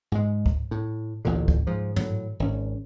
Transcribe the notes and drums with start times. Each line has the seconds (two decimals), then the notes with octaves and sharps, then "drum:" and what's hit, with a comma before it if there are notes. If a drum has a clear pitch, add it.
0.12 G#2 G#3
0.46 drum: kick C#2
0.71 A2
1.25 A1 D2 A#2 D3
1.48 drum: kick C#2
1.67 G#2 F3
1.96 A2 F#3, drum: tom
2.40 G#1 C#4